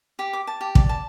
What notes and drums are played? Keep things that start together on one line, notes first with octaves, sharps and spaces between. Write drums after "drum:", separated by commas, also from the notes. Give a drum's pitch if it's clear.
G4
D6
A5
G4
D5, drum: kick
A5